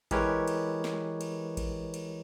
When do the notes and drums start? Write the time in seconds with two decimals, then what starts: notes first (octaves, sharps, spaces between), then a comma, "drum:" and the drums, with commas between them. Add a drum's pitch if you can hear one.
0.11 E3 G#3 G4 A#4 B4 C#5, drum: kick A1, cymbal
0.48 drum: cymbal
0.84 drum: snare
1.21 drum: cymbal
1.57 drum: kick A1, cymbal
1.94 drum: cymbal